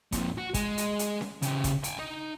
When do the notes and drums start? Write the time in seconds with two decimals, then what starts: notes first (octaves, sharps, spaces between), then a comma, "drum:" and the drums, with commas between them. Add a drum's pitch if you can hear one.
0.12 F2 A#2, drum: kick, hi-hat
0.38 F#4
0.54 G#3, drum: kick, hi-hat
0.78 drum: hi-hat
0.99 drum: hi-hat
1.21 drum: snare C#4
1.42 C#3 G4, drum: hi-hat
1.64 drum: kick, hi-hat
1.84 G5 G#5, drum: hi-hat
1.99 D#4